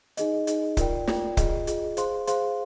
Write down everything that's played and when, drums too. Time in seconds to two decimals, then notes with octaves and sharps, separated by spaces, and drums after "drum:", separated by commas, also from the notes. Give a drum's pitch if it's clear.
0.17 D#4 G#4 D#5, drum: hi-hat
0.47 D#4 G#4 D#5, drum: hi-hat
0.77 F4 A#4 D5 G5, drum: kick C#1, hi-hat
1.07 F4 A#4 D5 G5, drum: snare
1.37 F4 G#4 D#5, drum: kick C#1, hi-hat
1.67 F4 G#4 D#5, drum: hi-hat
1.97 G#4 C5 F5 C6, drum: hi-hat
2.27 G#4 C5 F5 C6, drum: hi-hat